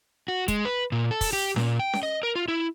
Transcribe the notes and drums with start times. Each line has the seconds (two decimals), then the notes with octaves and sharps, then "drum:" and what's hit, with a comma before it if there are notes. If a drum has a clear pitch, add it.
0.28 F#4
0.48 G#3, drum: kick, hi-hat
0.65 B4
0.92 A#2
1.11 A4
1.21 drum: kick, open hi-hat
1.33 G4
1.56 A#2, drum: snare C#4
1.79 G5
1.93 drum: snare C#4
2.03 D#5
2.23 A#4
2.36 F4
2.48 E4